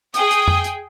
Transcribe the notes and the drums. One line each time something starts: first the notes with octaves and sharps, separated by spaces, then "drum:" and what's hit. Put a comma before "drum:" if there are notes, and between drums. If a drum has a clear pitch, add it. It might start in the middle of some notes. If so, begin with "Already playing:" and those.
G#4 G5 D#6, drum: hi-hat
drum: hi-hat
drum: tom F2
drum: hi-hat